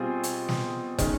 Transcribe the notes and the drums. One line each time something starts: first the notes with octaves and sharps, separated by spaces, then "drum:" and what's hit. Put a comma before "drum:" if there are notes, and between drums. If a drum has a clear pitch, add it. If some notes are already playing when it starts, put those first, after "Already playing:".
Already playing: B2 G3 C4 F4 G#4
drum: hi-hat
drum: snare
D#3 G#3 C#4, drum: kick, hi-hat